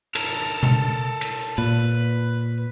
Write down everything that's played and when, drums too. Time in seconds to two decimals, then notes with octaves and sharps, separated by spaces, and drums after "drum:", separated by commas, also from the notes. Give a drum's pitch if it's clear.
0.15 A4 A#4, drum: cymbal
0.63 drum: tom B2
1.21 drum: cymbal
1.58 A#2 B4